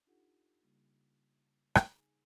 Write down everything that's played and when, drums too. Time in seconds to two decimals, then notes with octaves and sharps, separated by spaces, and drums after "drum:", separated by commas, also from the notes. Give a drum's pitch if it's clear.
0.07 D4 D#4 F4 G4 A4 F#5
0.62 C#3 G3 A#3
1.75 drum: rim click
1.93 D#4 G#4 G#5